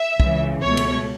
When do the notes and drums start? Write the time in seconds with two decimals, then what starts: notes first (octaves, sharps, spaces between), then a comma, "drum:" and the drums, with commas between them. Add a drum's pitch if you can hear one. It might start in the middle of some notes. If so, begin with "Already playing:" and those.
Already playing: E5
0.20 C#2 C#3 E3, drum: kick
0.62 C#2 B2 A3 C#5
0.77 drum: cymbal